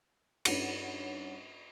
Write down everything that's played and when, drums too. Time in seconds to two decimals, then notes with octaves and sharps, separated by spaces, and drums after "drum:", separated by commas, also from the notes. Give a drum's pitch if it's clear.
0.45 G2 C#4 D#4 F#5 C#7, drum: cymbal